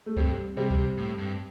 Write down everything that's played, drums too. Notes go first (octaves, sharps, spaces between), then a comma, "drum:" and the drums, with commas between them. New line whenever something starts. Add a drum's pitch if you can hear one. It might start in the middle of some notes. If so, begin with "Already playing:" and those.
A3
G2 G3 C4, drum: kick C2
C3 G3 C4
drum: kick C2
A2
G2